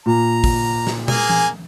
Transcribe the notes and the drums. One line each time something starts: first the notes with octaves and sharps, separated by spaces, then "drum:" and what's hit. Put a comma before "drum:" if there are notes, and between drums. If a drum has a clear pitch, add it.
A#2 A#5
drum: kick, open hi-hat
drum: snare
A#3 G#4 G#5, drum: tom
drum: tom E3